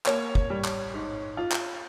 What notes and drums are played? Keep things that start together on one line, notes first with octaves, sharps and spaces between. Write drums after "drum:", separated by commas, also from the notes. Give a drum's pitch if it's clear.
A#3 C#5, drum: clap
drum: kick
G3
drum: clap
G#2
F4
drum: clap